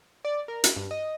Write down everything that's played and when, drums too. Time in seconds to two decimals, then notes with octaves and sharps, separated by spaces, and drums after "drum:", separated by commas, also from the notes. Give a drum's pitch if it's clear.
0.25 D5
0.48 A#4
0.64 D7, drum: hi-hat
0.76 G2
0.91 D#5